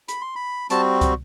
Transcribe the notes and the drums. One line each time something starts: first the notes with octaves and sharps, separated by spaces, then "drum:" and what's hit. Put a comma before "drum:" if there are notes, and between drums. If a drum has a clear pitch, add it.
B5, drum: hi-hat
C6
B5
G3 C4 F#4 A5, drum: hi-hat
drum: kick, hi-hat